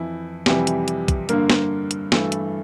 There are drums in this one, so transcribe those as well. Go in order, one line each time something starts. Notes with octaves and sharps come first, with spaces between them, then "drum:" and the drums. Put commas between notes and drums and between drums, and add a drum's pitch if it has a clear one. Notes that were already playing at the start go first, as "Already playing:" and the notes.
Already playing: F2 E3 E4
F2 C3 E3 G3 G4, drum: snare
drum: hi-hat
drum: hi-hat
drum: kick, hi-hat
G2 D3 A#3 A#4, drum: hi-hat
drum: snare
drum: hi-hat
G2 E3 A3 A4, drum: snare
drum: hi-hat